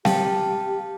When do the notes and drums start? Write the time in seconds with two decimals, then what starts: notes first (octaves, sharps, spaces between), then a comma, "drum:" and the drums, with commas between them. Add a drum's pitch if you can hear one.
0.05 G4 F5 G5 A5, drum: snare C4